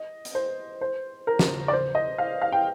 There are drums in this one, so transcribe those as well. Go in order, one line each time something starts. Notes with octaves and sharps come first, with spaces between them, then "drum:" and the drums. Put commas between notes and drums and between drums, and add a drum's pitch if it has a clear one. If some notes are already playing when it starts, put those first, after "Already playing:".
Already playing: D#5
drum: hi-hat
C5
C5
A#4
drum: snare
D5
C5
D#5
F5
F5
G5